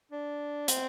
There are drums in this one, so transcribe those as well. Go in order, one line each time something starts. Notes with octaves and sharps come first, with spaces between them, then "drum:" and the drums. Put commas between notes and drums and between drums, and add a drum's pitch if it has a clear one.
D4
C4, drum: hi-hat